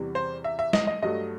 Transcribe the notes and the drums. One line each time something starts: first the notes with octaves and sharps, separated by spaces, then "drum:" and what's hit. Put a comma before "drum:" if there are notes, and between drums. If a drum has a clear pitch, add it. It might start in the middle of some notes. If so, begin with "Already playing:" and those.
Already playing: E2 C3 E3 G3
C5
E5
E5
D#5, drum: snare
D#5
G2 F#3 A3 D#5